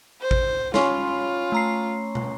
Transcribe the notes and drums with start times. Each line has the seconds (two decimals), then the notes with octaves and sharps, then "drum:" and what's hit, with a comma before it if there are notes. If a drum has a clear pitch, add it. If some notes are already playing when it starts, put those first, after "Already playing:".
0.21 C5
0.31 drum: kick A1
0.74 C#4 F4 B5 C6, drum: snare
1.52 A3 A#5 C7
2.15 drum: tom